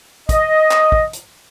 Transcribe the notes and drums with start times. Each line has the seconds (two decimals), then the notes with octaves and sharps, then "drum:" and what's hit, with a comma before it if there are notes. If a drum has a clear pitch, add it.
0.29 D#5, drum: kick, hi-hat
0.71 drum: clap
0.92 drum: kick
1.13 drum: hi-hat